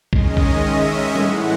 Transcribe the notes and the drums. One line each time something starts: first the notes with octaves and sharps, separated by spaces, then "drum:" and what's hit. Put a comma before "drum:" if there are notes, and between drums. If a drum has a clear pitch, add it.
D#3 G#3 C#4 D#5, drum: kick A#1
drum: kick A#1
E5
A2 E3 G#3 F#5, drum: tom G3